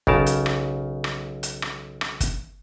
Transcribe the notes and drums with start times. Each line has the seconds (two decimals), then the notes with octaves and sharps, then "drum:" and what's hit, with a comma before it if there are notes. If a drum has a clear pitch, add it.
0.07 B1 C#3 A#4 A5, drum: kick
0.26 drum: hi-hat
0.46 drum: rim click
1.04 drum: rim click
1.43 drum: hi-hat
1.62 drum: rim click
2.01 drum: rim click
2.20 drum: kick, hi-hat